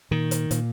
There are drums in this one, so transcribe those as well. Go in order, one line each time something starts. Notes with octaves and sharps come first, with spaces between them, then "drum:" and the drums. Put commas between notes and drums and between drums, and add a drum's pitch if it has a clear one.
A#2 D#3
drum: hi-hat
A#2, drum: hi-hat